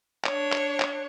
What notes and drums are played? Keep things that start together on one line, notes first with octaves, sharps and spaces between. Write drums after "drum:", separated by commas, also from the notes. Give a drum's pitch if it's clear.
D4 C#5, drum: clap
drum: clap
drum: clap